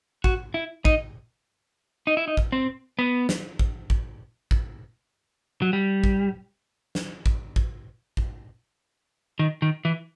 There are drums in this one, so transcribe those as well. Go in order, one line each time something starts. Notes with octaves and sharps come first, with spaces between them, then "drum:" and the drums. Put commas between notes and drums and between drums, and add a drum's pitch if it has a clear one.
F#4, drum: kick
E4
D#4, drum: kick
D#4
E4
D#4
drum: kick
C4
B3
drum: snare
drum: kick
drum: kick
drum: kick
F#3
G3
drum: kick
drum: snare
drum: kick
drum: kick
drum: kick
D#3
D#3
E3